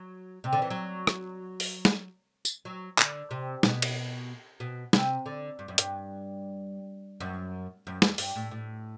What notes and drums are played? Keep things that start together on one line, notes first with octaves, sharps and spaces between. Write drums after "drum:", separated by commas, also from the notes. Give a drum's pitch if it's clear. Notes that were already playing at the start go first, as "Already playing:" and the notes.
Already playing: F#3
C3
D3
E3
F#3
drum: rim click
drum: open hi-hat
drum: snare
drum: tambourine
F#3
D3, drum: clap
C3
B2, drum: snare
drum: cymbal
B2
C3, drum: snare
D3
G2
F#2
G2, drum: hi-hat
F#2
F#2
E2, drum: snare
G2, drum: open hi-hat
A2
A2